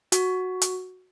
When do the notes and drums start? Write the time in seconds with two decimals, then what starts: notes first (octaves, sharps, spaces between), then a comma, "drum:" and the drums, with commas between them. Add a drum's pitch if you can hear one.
0.12 F#4, drum: hi-hat
0.62 drum: hi-hat